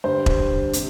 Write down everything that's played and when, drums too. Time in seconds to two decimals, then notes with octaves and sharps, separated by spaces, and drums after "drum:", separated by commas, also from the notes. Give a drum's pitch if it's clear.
0.04 G2 D3 G3 C5
0.26 drum: kick E1
0.73 C3, drum: hi-hat